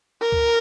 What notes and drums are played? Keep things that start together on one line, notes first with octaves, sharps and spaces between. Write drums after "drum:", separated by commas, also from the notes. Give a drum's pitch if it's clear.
A#4
drum: kick C#2